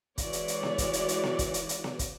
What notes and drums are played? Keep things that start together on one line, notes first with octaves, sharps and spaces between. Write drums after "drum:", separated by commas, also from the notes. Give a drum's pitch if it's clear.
E3 G#3 F#4 C#5 D5, drum: kick, hi-hat
drum: hi-hat
drum: hi-hat
drum: snare B3
drum: kick, hi-hat
drum: hi-hat
drum: hi-hat
drum: snare B3
drum: kick, hi-hat
drum: hi-hat
drum: hi-hat
drum: snare B3
drum: kick, hi-hat